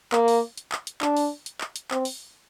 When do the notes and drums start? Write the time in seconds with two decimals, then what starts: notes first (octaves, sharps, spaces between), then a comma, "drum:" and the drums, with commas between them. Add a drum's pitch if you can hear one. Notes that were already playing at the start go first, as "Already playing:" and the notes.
0.13 A#3, drum: clap
0.28 drum: open hi-hat
0.57 drum: hi-hat
0.72 drum: clap
0.87 drum: hi-hat
1.01 D4, drum: clap
1.17 drum: open hi-hat
1.46 drum: hi-hat
1.61 drum: clap
1.76 drum: hi-hat
1.91 C4, drum: clap
2.05 drum: open hi-hat